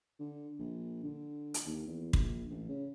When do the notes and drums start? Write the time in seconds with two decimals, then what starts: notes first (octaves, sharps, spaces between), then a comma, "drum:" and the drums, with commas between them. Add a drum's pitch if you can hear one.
0.20 D3
0.60 A#1
1.04 D3
1.54 drum: hi-hat
1.66 D#2
1.87 E2
2.13 A#1, drum: kick
2.50 A1
2.69 C#3